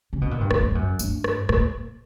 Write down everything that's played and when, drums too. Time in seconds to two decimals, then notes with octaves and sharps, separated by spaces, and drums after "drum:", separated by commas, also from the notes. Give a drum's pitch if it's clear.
0.13 C#3
0.21 B2
0.31 A#2
0.41 G2
0.51 F#2, drum: rim click
0.63 G2
0.75 F#2
0.99 G2, drum: tambourine
1.24 drum: rim click
1.49 A#2, drum: rim click